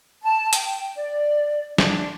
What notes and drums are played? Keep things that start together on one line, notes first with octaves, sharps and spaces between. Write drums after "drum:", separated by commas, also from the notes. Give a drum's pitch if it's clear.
A5
G5, drum: hi-hat
D5
D4, drum: snare